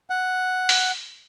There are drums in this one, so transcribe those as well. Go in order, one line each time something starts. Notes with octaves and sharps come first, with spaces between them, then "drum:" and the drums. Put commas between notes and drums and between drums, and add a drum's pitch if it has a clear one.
F#5
drum: open hi-hat